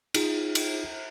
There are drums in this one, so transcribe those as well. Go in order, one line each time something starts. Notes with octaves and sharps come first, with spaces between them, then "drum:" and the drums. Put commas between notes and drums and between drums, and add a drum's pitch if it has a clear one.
D#4 F4 G#4, drum: cymbal
drum: cymbal